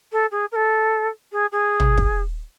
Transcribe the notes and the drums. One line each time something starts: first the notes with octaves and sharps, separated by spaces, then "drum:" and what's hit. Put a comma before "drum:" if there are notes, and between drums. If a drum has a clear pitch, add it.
A4
G#4
A#4
A4
G#4
G#4
drum: tom
drum: kick